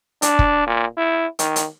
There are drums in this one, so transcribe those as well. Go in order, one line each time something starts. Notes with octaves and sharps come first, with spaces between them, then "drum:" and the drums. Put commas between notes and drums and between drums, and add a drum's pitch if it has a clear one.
D4, drum: hi-hat
drum: kick
A#2
E4
D#3, drum: hi-hat
drum: hi-hat